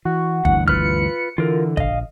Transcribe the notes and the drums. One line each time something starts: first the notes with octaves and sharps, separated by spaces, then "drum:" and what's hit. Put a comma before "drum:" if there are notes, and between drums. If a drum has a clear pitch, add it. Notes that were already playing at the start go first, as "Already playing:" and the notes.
E3 F#4
D2 G2 E3 F#5, drum: kick
F4 B4 F6 C#7, drum: kick
D3 E3 F4 A#4
A#1 D#5 F5, drum: kick